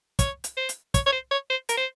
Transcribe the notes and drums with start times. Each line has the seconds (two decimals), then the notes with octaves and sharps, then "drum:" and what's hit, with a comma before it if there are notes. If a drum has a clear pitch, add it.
0.19 C#5, drum: kick, hi-hat
0.44 drum: hi-hat
0.57 C5
0.69 drum: hi-hat
0.94 C#5, drum: kick, hi-hat
1.06 C#5
1.12 C5
1.31 C#5
1.50 C5
1.69 A#4, drum: hi-hat
1.77 C5